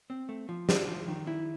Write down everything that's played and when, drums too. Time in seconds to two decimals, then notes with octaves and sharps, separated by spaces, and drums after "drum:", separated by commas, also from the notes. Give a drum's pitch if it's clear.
0.10 C4
0.29 A3
0.49 F3
0.69 D4, drum: snare
0.89 F3
1.08 D#3
1.27 E4